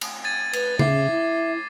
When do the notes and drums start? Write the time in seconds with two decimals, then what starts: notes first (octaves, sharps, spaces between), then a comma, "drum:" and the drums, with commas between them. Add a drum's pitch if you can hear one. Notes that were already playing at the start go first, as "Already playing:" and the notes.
0.01 drum: cymbal
0.24 G#6 A6 D#7
0.53 B4, drum: cymbal
0.79 C#3 E5 D6 C7, drum: tom C#3
1.11 E4